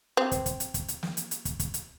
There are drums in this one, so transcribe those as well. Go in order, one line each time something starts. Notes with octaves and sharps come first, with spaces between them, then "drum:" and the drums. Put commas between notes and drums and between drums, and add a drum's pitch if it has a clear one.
C4 G4
drum: kick, hi-hat
drum: kick, hi-hat
drum: hi-hat
drum: kick, hi-hat
drum: hi-hat
drum: snare
drum: hi-hat
drum: hi-hat
drum: kick, hi-hat
drum: kick, hi-hat
drum: hi-hat